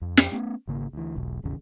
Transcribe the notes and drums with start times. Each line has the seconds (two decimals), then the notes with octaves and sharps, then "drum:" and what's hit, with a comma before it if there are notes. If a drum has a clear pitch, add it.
0.02 F2
0.17 drum: snare
0.32 A3 B3 C#4
0.68 G#1 C#3 A#3
0.93 D2 E3
1.16 E1 B1
1.44 E1 A1 D#2 C#3